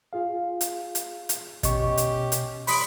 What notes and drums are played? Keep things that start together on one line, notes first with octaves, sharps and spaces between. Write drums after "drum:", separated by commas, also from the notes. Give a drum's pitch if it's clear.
F4 G#4 F5
drum: hi-hat
drum: hi-hat
drum: hi-hat
B2 C#4 G4 D#5 C#6, drum: kick, hi-hat
drum: hi-hat
drum: hi-hat
G3 B5 C6 D#6 D7, drum: open hi-hat